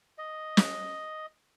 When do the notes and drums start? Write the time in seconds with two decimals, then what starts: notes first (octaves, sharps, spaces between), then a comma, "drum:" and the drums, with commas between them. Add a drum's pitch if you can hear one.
0.18 D#5
0.57 drum: snare